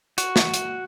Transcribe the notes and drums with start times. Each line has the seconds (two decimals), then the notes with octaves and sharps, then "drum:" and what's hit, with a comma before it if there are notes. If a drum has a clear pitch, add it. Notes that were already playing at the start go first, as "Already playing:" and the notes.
0.18 F#4, drum: hi-hat
0.36 drum: snare
0.54 drum: hi-hat